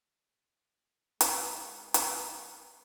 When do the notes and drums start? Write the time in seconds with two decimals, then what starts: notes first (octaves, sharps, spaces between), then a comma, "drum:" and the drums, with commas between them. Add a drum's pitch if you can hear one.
1.21 G#3 C4 E4 C5, drum: hi-hat
1.94 F6 G6 G#6, drum: hi-hat